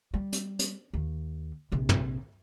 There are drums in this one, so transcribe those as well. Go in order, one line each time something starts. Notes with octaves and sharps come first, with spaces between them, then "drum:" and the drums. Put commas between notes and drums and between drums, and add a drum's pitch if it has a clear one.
G3
drum: hi-hat
drum: hi-hat
D#2
A#1 C3
drum: tom